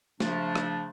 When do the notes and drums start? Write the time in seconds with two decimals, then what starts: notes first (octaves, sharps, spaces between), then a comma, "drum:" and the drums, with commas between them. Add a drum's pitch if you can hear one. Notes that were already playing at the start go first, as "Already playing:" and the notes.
0.20 C#3 F3 A3 D4, drum: snare
0.56 drum: rim click